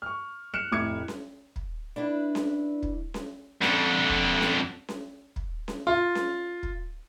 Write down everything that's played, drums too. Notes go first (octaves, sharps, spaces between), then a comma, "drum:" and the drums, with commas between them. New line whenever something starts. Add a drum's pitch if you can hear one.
C#6 F6
F6 F#6 C#7 E7
F1 A2 E4 D6 G#6 C#7
drum: snare C#4
drum: kick
D4 E4 B4
drum: snare C#4
drum: kick
drum: snare C#4
F2 D3, drum: snare C#4
drum: kick
drum: snare C#4
drum: snare C#4
drum: kick
drum: snare C#4
F4
drum: snare C#4
drum: kick